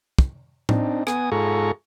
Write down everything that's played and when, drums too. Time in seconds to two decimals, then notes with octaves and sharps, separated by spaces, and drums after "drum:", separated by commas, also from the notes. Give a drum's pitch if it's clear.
0.19 drum: kick
0.69 C4 D4 D#4, drum: tom A2
1.07 B3 G#5 D#6, drum: rim click
1.32 G#2 F4 G#4 A4 A#5 C#6